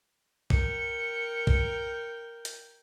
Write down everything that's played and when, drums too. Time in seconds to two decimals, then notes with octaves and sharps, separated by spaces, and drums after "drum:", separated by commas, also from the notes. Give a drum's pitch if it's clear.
0.50 A#4 G5 C#7, drum: kick
1.47 drum: kick
2.45 drum: hi-hat